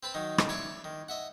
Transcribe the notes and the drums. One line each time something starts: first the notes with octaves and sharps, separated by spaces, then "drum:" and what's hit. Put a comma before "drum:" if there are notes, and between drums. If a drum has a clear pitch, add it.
C4 B4 A5 B5
D#3 F#3 D#4
drum: rim click
C#5 D5 E5 A5 C#6 D6
D#3
D#5 E5 F#5